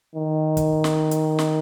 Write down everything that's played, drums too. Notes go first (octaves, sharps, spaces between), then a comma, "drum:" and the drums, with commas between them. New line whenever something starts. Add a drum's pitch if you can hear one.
D#3
drum: kick, hi-hat
drum: snare
drum: hi-hat
drum: snare